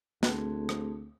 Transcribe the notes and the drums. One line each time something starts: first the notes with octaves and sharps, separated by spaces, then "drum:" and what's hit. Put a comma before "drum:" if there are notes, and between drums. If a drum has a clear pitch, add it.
D2 A3 C4 G#4, drum: snare
drum: rim click